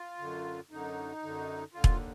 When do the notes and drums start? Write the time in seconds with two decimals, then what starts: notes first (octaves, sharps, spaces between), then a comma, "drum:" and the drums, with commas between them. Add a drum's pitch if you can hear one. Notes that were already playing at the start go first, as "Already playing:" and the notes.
Already playing: F4
0.18 F#2 D3
0.70 F#2 D3 D#4
1.23 F#2 D3
1.74 D#2 D3 F4
1.84 drum: kick E1